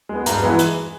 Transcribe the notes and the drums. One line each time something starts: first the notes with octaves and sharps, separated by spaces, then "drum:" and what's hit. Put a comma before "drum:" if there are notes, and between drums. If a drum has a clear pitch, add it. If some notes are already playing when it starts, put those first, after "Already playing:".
G#3 B3
G2 A#5, drum: hi-hat
E3 G#3 B3
drum: hi-hat